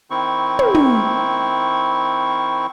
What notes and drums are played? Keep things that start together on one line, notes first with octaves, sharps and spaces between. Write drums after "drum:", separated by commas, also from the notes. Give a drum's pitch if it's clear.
D#3 C4 E4 C#6
drum: tom
drum: tom